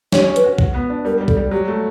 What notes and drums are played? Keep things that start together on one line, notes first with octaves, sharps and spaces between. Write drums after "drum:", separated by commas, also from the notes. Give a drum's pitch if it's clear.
C#4 C#5, drum: snare
C#4
B4, drum: hi-hat
F#4
F#4, drum: kick
B3
D4
G3 A#4
G3
A4, drum: kick
G3
F#3 G4
A3